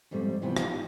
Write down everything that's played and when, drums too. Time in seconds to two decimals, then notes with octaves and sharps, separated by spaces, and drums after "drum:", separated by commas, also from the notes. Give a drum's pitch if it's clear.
0.11 F2 G#2 G3 A3 C4
0.42 C3 E3 F3 B3 E4
0.57 D#4 F4 G4, drum: rim click